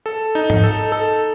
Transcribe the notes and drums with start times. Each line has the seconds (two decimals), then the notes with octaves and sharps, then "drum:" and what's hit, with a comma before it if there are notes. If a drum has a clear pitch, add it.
0.06 A4
0.35 D#4
0.50 drum: tom G#2
0.64 A4
0.92 A4